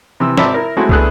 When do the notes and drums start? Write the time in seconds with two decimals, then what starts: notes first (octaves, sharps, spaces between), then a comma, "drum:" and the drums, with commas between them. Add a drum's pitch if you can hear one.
0.20 C3 E3 E6
0.38 G#1 C4 D5 E5 A5 B5, drum: snare
0.54 E4 A#4
0.76 G#3 A3 C4 E4 F#4
0.89 D2 B3 E4 G#4 A4 F#6, drum: kick